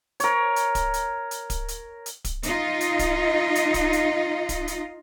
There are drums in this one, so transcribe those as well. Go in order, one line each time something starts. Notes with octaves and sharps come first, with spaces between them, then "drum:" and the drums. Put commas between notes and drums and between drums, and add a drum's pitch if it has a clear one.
A#4 C#5, drum: hi-hat
drum: hi-hat
drum: kick D1, hi-hat
drum: hi-hat
drum: hi-hat
drum: kick D1, hi-hat
drum: hi-hat
drum: hi-hat
drum: kick D1, hi-hat
D#4 F4 D#5, drum: hi-hat
drum: hi-hat
drum: kick D1, hi-hat
drum: hi-hat
drum: kick D1, hi-hat
drum: hi-hat
drum: kick D1, hi-hat
drum: hi-hat